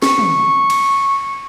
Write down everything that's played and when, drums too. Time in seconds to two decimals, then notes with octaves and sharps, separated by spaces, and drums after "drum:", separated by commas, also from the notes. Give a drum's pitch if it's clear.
0.02 C#6, drum: snare
0.19 drum: tom
0.70 drum: cymbal